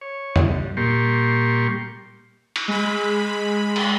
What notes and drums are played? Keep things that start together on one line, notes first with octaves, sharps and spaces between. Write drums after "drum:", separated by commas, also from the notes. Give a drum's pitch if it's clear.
C#5
drum: tom E2
G2
A#2 G3 A#3 G4 C6 C#6
drum: cymbal
G#3 B5
drum: cymbal